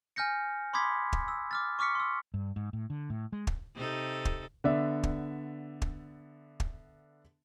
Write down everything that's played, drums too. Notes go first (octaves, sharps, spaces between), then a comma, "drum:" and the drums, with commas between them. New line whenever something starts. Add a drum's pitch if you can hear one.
G#5 F6 G6 A#6 C#7
B5 C6 D6 D#6 G#6 B6
drum: kick
E6
D6 F6 A6
C#6 D6 F6 B6 C#7
C6 E6
G2
G#2
A2
D3
A2
G#3
drum: kick
C3 D#4 A4
drum: kick
D3 B3 D5 E5
drum: kick
drum: kick
drum: kick